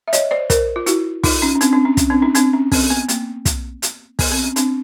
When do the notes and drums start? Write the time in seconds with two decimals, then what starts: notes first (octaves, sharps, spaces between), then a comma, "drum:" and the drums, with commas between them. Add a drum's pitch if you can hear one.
0.08 E5
0.13 C#5 D#5, drum: hi-hat
0.31 C5 D5
0.50 A#4 C5, drum: kick, hi-hat
0.76 F4
0.86 E4 F#4, drum: hi-hat
1.24 D#4 F4, drum: kick, open hi-hat
1.42 C#4 D#4
1.55 C#4
1.61 C4 D4, drum: hi-hat
1.73 C4 D4
1.85 C#4
1.97 C#4, drum: kick, hi-hat
2.10 C4 D4
2.22 C#4 D#4
2.35 C4 D4, drum: hi-hat
2.53 C#4
2.72 C4, drum: kick, open hi-hat
2.90 B3
3.09 A#3, drum: hi-hat
3.45 drum: kick, hi-hat
3.82 drum: hi-hat
4.19 B3, drum: kick, open hi-hat
4.32 C4
4.44 C#4
4.56 C4 D4, drum: hi-hat